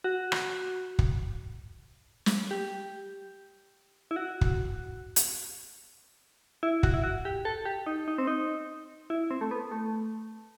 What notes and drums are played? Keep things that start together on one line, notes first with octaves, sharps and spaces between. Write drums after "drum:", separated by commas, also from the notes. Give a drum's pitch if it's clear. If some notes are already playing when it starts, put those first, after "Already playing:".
F#4
drum: rim click
drum: kick
drum: snare
G4
E4
F#4
drum: kick
drum: hi-hat
E4
F#4, drum: kick
E4
F#4
G4
A4
G4
D#4
D#4
C4
D#4
E4
C4
A3
B3
A3